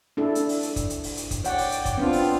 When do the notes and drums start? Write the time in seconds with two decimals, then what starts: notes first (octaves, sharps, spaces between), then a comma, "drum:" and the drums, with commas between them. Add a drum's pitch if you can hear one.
0.17 D4 E4 A4
0.35 drum: hi-hat
0.49 drum: open hi-hat
0.62 drum: hi-hat
0.76 drum: kick, hi-hat
0.90 drum: hi-hat
1.03 drum: open hi-hat
1.17 drum: hi-hat
1.31 drum: kick, hi-hat
1.44 C#5 D5 F#5 G5, drum: hi-hat
1.58 drum: open hi-hat
1.72 drum: hi-hat
1.85 drum: kick, hi-hat
1.98 B3 C4 D4 F4
2.13 drum: open hi-hat